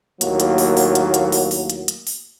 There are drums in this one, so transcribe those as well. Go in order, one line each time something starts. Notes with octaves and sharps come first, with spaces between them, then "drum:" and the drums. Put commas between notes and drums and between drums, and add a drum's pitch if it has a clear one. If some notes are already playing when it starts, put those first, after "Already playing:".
D#2 A2 F#3 A#3, drum: hi-hat
drum: hi-hat
drum: open hi-hat
drum: open hi-hat
drum: hi-hat
drum: hi-hat
drum: open hi-hat
drum: open hi-hat
drum: hi-hat
drum: hi-hat
drum: open hi-hat